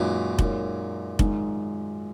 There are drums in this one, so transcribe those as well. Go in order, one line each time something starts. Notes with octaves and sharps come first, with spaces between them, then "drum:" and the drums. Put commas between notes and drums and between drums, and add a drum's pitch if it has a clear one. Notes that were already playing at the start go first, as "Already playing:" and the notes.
Already playing: F#2 A#2 D#3 G#3 D#4 F#4 B4
G#3 D#4 A#4 C#5, drum: kick F1
G#2 D#3 G#3, drum: kick F1